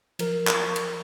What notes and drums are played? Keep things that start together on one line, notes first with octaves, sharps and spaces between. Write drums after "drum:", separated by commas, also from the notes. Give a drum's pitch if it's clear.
F3 A#4, drum: cymbal
drum: clap
drum: cymbal